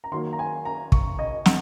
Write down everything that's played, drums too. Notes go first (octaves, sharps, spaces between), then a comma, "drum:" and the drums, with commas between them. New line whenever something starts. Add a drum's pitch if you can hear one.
A#5
D#3 F#3 A#3 C6
A#5
G#5
A#5
C#6, drum: kick
D#5
F#5, drum: snare